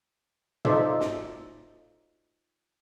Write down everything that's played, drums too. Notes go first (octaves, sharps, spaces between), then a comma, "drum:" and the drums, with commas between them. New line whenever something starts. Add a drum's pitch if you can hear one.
D#4 F4 A4 C5 D5 E5, drum: tom
drum: snare